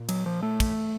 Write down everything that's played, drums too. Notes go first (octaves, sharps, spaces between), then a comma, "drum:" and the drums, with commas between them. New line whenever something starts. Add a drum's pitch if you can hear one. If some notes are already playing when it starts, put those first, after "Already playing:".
Already playing: A#2
F#3, drum: cymbal
F3
A3
drum: kick, cymbal